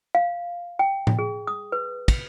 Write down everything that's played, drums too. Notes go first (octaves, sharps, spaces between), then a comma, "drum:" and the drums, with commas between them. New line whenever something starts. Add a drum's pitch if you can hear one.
F5
G5
drum: tom A2
G#4
D#6
B4
drum: kick, cymbal